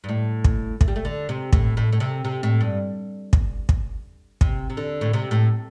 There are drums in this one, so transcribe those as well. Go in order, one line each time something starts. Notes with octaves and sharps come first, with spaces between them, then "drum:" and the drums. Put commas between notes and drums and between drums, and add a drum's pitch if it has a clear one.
G2
A2
drum: kick
A3, drum: kick
G3
A3
D3
C3
A2, drum: kick
A2
A2
C3
C3
A2
G2
drum: kick
drum: kick
C3, drum: kick
C3
D3
A2
C3
A2